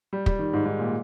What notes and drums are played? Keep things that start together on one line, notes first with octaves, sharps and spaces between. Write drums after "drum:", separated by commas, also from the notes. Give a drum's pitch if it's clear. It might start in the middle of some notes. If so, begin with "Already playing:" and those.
G3
G3, drum: kick
D#3
G#2
G#2
A#2